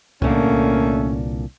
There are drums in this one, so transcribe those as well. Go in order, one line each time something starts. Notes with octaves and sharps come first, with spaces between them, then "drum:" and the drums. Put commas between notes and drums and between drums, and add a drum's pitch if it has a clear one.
C2 A#2 D3 A3 A#3 C#4, drum: tom C2